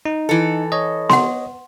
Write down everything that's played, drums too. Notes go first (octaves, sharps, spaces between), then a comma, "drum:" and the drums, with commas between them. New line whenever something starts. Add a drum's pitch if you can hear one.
D#4
E3 A4
C#5 D#5
F#5 C6, drum: snare B3